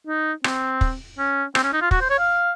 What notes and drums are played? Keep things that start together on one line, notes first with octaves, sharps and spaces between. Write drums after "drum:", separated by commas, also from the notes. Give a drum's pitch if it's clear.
D#4
C4, drum: rim click
drum: kick
C#4
C4, drum: rim click
C#4
D#4
F4
F#4, drum: kick
C5
C#5
F5